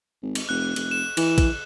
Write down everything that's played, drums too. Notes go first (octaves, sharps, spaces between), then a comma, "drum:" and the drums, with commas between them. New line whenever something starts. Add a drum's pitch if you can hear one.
G#1
drum: cymbal
F1 F#6
F1, drum: cymbal
E7
E3, drum: cymbal
drum: kick, cymbal